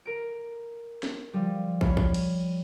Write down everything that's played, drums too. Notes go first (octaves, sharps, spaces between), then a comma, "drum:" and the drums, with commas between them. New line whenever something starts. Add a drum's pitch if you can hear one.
A#4 D7
drum: snare
F3 G3
C#5 B5 F6, drum: kick
drum: kick
drum: cymbal